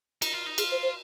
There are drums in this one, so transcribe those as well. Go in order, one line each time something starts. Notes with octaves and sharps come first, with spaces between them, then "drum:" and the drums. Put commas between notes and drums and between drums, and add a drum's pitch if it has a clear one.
D#4, drum: cymbal
F4
D#4
F4 G#4, drum: cymbal
C5
C5